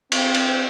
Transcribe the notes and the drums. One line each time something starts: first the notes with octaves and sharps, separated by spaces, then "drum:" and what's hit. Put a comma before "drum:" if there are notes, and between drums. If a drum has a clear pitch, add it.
C4, drum: cymbal
drum: cymbal